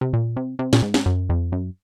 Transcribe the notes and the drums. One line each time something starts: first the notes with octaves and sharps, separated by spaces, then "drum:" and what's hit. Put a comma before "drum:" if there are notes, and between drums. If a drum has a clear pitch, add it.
C3
A#2
C3
C3
A#2, drum: snare
G#2
drum: snare
F#2
F2
F#2